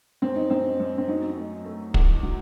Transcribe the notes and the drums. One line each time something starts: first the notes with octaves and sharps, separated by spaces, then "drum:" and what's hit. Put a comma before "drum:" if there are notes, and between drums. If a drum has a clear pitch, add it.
F#2 C4
D#4
F#2 C4
F#2
C4
F#3 D#4
A3
A3
E2, drum: kick
F#3